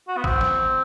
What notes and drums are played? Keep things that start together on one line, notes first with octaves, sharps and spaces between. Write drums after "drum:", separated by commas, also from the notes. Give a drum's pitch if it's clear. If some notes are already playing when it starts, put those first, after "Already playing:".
F#4
B3
C4, drum: kick
drum: snare